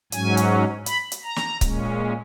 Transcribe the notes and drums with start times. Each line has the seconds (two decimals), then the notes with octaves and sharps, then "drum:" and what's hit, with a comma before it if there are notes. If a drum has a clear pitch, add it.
0.12 G#2 F#3 C#4 G#5, drum: hi-hat
0.37 drum: hi-hat
0.86 B5, drum: hi-hat
1.12 drum: hi-hat
1.24 A#5
1.36 drum: snare
1.61 A#2 G#3 C#4, drum: kick C#1, hi-hat